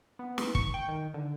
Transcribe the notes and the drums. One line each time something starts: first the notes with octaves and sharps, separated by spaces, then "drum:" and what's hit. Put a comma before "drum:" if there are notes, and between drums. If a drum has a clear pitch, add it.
B3
drum: snare
C#6, drum: kick
G5
D#3
D3